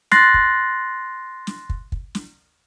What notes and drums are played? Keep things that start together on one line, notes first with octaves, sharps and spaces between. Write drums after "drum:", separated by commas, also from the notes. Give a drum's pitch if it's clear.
C6 F#6 A6 A#6 C7, drum: snare
drum: kick
drum: snare
drum: kick
drum: kick
drum: snare